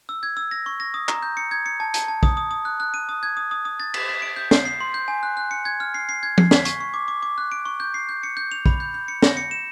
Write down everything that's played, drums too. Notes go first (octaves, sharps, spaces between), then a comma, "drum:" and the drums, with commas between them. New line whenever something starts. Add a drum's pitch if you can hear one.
E6
G#6
E6
A#6
C#6
A#6
D#6
A#5, drum: clap
G6
C#7
G#6
C#7
A5
A5, drum: hi-hat
A5
D#6, drum: kick
D#6
D#6
F#6
F#6
D#7
D#6
G#6
D#6
D#6
D#6
A6
B6, drum: cymbal
B6
D7
G6
C7, drum: snare
C7
C6
G6
G#5
F#6
F#6
C#7
G#6
F6
C7
C7
G#6
C7, drum: tom F3
B6, drum: snare
C#6, drum: hi-hat
C#6
D6
D6
D6
F#6
D7
C#6
G6
C7
G6
C#7
G6
F7
B5, drum: kick
G6
G6
C#7
A#6, drum: snare
C#7
E7